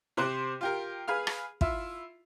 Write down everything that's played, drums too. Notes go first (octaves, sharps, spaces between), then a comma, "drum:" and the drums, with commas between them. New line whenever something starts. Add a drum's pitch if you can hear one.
C3 C5 D6 F#6
F4 G4 A#4
G#4 B4 F5 F6
drum: rim click
E4 F4 E5, drum: kick